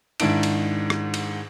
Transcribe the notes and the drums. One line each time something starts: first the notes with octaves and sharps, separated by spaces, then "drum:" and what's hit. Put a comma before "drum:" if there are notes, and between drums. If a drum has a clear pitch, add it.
G#2 D#3 D4 E4 D7, drum: cymbal
drum: cymbal
drum: rim click
drum: cymbal